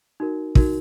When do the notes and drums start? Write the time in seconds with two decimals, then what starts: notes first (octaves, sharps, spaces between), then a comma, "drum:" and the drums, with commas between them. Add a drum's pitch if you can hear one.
0.20 D#4 F#4 A#4
0.55 D#4 F#4 A#4, drum: kick